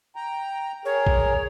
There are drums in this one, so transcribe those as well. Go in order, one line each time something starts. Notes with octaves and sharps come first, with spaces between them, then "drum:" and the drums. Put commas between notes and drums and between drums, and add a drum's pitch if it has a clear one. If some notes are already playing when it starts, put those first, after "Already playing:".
G5 A#5
G#4 A#4 C#5
drum: kick A1